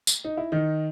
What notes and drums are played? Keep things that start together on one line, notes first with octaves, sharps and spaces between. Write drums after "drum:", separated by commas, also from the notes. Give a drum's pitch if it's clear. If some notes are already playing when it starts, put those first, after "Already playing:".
drum: tambourine
D#4
E4
D#3 D#4